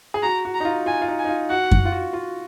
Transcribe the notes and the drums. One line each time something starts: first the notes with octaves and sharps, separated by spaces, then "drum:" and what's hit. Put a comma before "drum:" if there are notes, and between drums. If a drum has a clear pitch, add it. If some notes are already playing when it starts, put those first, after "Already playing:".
G#4
F#4 A#5
F#4
A#5
D#4
F4
F4 G#5
F4
D#4
G#5
D#4
F4
F#4 F#5
F#4, drum: kick F#2
F4
F#4
F4